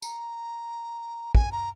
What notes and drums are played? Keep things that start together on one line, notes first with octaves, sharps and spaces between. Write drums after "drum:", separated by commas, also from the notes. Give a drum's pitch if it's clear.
A#5, drum: tambourine
G#5, drum: kick
A#5